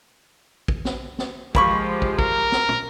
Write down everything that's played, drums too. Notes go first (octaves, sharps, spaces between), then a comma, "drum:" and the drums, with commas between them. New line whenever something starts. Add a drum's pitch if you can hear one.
drum: kick
drum: snare
drum: snare
F3 G#3 A#3 G4 B5 C#6, drum: kick
drum: kick
A#4, drum: kick
drum: snare
drum: tom